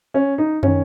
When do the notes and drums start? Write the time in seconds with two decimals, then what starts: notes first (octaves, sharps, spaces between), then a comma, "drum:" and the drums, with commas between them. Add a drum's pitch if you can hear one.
0.14 C#4
0.38 D#4
0.63 D#3 C#4, drum: tom